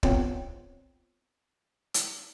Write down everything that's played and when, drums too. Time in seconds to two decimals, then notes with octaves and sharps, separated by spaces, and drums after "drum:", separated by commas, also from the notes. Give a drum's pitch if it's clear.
0.03 B3 C4 F4 C#5, drum: kick
1.94 drum: hi-hat